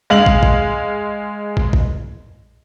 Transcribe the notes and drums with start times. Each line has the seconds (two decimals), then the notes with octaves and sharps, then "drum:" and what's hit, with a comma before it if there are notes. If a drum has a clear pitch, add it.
0.10 G#3 F5 F#7
0.26 drum: kick
0.43 drum: kick
1.57 drum: kick
1.73 drum: kick